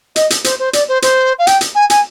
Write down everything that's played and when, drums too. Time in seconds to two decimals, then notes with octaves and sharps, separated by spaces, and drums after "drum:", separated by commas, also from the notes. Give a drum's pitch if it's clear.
0.16 D#5, drum: hi-hat
0.30 drum: hi-hat
0.44 C5, drum: hi-hat
0.59 C5
0.73 D5, drum: hi-hat
0.89 C5
1.02 C5, drum: hi-hat
1.39 F5
1.47 G5, drum: hi-hat
1.61 drum: hi-hat
1.75 G#5
1.90 G#5, drum: hi-hat